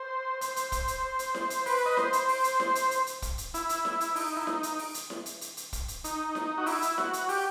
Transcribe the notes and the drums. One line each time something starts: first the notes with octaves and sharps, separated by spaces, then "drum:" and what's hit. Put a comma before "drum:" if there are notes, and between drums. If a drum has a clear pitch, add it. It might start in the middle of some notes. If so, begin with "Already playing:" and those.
Already playing: C5
C5, drum: hi-hat
drum: hi-hat
drum: kick, hi-hat
drum: hi-hat
drum: hi-hat
drum: snare E4
drum: hi-hat
B4, drum: open hi-hat
D#5
C5, drum: snare E4
drum: hi-hat
drum: open hi-hat
drum: hi-hat
drum: snare E4
drum: hi-hat
drum: hi-hat
drum: hi-hat
drum: kick, hi-hat
drum: hi-hat
E4, drum: hi-hat
drum: hi-hat
drum: snare E4
drum: hi-hat
D#4, drum: open hi-hat
E4
D#4, drum: snare E4
drum: hi-hat
drum: open hi-hat
drum: hi-hat
drum: snare E4
drum: hi-hat
drum: hi-hat
drum: hi-hat
drum: kick, hi-hat
drum: hi-hat
D#4, drum: hi-hat
drum: snare E4
F#4
E4, drum: open hi-hat
drum: hi-hat
F#4, drum: snare E4
drum: hi-hat
G4, drum: open hi-hat